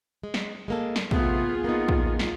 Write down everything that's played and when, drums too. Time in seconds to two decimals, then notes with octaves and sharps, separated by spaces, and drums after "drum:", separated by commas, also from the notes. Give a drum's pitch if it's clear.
0.23 G#3
0.34 drum: snare
0.68 G#3 A#3 A4
0.96 drum: snare
1.11 C3 A3 B3 F4 G#4, drum: kick
1.64 A#3 B3 D#4
1.88 drum: kick
2.19 drum: snare